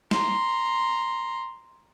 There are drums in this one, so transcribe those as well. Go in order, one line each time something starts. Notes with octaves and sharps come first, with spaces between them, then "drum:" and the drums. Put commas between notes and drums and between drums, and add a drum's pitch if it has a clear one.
A#5 C6, drum: snare